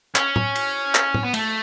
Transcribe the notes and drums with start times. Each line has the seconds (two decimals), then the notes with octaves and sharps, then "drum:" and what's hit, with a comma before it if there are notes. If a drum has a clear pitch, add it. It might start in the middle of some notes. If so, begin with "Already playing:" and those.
0.16 C#4, drum: clap
0.36 drum: tom
0.55 drum: cymbal
0.95 drum: clap
1.14 drum: tom
1.24 B3
1.34 A3, drum: cymbal